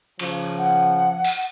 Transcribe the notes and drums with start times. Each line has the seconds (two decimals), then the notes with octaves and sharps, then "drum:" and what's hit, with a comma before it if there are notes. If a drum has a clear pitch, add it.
0.19 C#3 F3, drum: cymbal
0.58 F#5
1.24 drum: open hi-hat